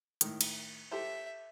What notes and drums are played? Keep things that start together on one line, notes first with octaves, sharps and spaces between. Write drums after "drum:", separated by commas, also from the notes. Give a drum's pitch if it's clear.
A2 D#3, drum: hi-hat
drum: cymbal
G4 A4 C5 E5